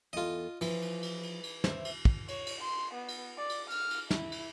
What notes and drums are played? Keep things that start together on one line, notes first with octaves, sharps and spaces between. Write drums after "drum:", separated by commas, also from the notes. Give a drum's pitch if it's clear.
E2 F4 A4 D#5
E3 F3, drum: cymbal
drum: cymbal
drum: cymbal
drum: cymbal
drum: cymbal
C5 E5, drum: snare
drum: cymbal
drum: kick
C#5, drum: cymbal
drum: cymbal
C6
B3
drum: cymbal
D5
drum: cymbal
F6, drum: cymbal
drum: cymbal
E4, drum: snare
drum: cymbal